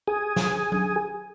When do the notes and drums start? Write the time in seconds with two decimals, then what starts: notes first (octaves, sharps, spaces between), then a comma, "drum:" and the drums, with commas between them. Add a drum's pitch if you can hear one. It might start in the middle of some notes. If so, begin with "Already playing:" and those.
0.08 G#4
0.36 drum: snare
0.72 drum: tom F#3